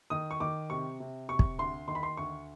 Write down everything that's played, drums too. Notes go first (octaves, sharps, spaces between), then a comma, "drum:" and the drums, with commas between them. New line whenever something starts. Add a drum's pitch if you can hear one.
D#3 D#6
C#6
D#3 D6
C3 C#6
C3
C3 C#6
drum: kick
D2 C6
D#3 C6
B5
C6
D2 C#6